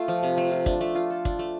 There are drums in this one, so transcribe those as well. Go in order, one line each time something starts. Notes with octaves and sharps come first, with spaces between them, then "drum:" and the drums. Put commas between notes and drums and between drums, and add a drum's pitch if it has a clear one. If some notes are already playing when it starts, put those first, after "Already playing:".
Already playing: A3 F4
F3
C3
A3
F4
D4, drum: kick
A3
F4
A4
D4, drum: kick
A3